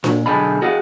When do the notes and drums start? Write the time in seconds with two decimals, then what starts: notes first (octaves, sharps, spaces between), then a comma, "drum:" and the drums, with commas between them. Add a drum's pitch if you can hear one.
0.04 A#2, drum: snare D4
0.26 B1 D3 G#4 D#5 A5 B5
0.62 F#4 G#4 D#5 F5 F#5